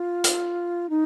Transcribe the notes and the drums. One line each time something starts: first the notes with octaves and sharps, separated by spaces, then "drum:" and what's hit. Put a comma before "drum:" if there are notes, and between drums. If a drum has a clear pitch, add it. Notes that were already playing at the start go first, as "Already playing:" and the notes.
Already playing: F4
drum: hi-hat
D#4